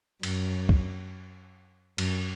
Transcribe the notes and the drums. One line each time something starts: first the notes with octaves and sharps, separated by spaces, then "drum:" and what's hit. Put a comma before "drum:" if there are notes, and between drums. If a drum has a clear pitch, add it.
F#2, drum: cymbal
drum: kick
F#2, drum: cymbal